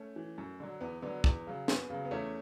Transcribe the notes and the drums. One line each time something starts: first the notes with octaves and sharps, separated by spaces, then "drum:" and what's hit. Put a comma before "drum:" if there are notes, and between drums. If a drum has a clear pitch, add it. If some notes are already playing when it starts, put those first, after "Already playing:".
Already playing: A3 C#4
E3
F#2
D3 F#3
E2 B3
D3 F#3 B3
E2, drum: kick
C#3 F#3
F#2 B3, drum: snare
C#3 F#3
B3
E2 A3 C#4